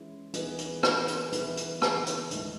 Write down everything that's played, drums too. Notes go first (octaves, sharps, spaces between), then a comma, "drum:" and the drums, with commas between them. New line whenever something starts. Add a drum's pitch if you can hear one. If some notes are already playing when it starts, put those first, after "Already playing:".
Already playing: E3 G#3 C#4 E4
E3 B3 D#4 G#4 B4, drum: hi-hat
drum: hi-hat
drum: rim click
drum: hi-hat
E3 B3 E4 B4, drum: hi-hat
drum: hi-hat
drum: rim click
drum: hi-hat
G#2 D#3 A3, drum: hi-hat